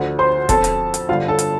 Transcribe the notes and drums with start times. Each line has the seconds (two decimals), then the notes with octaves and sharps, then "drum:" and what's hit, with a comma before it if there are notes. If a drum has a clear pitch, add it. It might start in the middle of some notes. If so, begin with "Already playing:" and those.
Already playing: D2 D3 F3
0.19 C5 C6
0.49 F2 F3 A4 A5, drum: kick E1, hi-hat
0.64 drum: hi-hat
0.94 drum: hi-hat
1.09 G2 D3 G3 F4 F5
1.28 A4 A5
1.39 drum: hi-hat